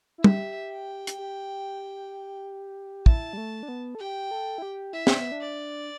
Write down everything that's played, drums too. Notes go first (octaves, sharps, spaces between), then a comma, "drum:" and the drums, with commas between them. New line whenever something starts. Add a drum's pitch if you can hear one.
E4
G4 E5, drum: tom
G5
drum: hi-hat
G4
E4 A5, drum: kick
G3
A3
D4
B3
A4
G4 G5
A4
E4
G4
E4 E5
D4, drum: snare
B3
D4
D5